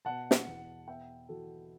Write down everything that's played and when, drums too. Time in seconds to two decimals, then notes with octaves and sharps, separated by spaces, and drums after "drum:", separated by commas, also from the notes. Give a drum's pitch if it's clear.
0.05 B2 F#5 A5
0.31 drum: snare
0.47 E2
0.87 B3 E5 G5
1.29 E3 F#4 A4